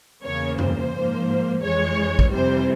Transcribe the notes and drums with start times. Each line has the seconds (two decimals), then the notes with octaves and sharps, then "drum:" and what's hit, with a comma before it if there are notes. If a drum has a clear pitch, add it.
0.23 E2 C#3 E3 A#3 C#5
0.58 C5, drum: tom F#2
0.94 G#2 F3 A#3
1.62 F2 E3 G#3 C#5
2.19 drum: kick
2.31 F2 C3 E3 G3 C5